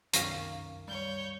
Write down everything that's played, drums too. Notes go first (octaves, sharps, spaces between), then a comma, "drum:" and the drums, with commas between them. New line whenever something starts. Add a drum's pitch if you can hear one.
C2 F#2 D#3 A#3 C#4 F5, drum: hi-hat
G3 C#5 G6